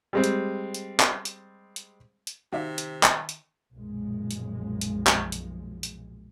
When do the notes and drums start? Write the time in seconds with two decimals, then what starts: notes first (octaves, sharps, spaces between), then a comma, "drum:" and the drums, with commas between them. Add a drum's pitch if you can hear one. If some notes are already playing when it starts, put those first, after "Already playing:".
0.13 G3 G#3 C4
0.24 drum: hi-hat
0.74 drum: hi-hat
1.00 drum: clap
1.25 drum: hi-hat
1.76 drum: hi-hat
2.27 drum: hi-hat
2.53 C3 D#3 F#4 D5 E5 F5
2.78 drum: hi-hat
3.03 drum: clap
3.29 drum: hi-hat
3.74 B1 F#2 A#2 F3 G#3
4.31 drum: hi-hat
4.81 drum: hi-hat
5.07 drum: clap
5.32 drum: hi-hat
5.83 drum: hi-hat